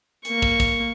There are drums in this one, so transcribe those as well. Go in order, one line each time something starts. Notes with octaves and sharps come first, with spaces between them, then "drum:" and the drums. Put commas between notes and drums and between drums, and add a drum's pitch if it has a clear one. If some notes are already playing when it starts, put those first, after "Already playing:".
A#3 C#6, drum: hi-hat
drum: kick
drum: kick, hi-hat